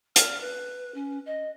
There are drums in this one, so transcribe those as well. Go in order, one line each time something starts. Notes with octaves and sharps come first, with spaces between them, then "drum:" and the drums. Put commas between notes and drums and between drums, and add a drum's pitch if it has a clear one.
F6, drum: hi-hat
B4
C#4
D#5